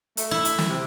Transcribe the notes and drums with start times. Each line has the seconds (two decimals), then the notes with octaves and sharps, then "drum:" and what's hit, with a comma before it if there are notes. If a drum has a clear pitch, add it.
0.17 A3, drum: hi-hat
0.31 E4
0.45 drum: hi-hat
0.58 drum: snare
0.69 C3